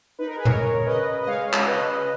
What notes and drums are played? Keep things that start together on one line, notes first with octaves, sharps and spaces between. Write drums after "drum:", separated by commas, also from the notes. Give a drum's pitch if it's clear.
D#4 B4
A#4
G#4 B4
G#3 A#4 C#5, drum: tom
C#3
B4 D#5
C#3
D#5
G#3 C#5 F5
C#3 C#5, drum: clap
B4 D#5
C#3